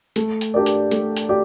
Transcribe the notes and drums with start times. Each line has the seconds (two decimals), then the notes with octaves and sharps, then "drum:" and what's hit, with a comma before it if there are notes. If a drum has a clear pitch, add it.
0.16 A3, drum: hi-hat
0.41 drum: hi-hat
0.54 D4 G4 A#4 D5
0.66 drum: hi-hat
0.91 A3, drum: hi-hat
1.16 drum: hi-hat
1.29 G4 D5